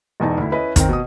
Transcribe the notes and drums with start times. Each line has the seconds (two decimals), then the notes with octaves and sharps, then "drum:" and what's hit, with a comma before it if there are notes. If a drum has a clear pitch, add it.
0.20 E1 E2 D#4 A5
0.38 D2 E4
0.52 C#4 E4 B4 D#5
0.76 D#3 C4 A#4 G5, drum: kick, hi-hat
0.89 B2 D#6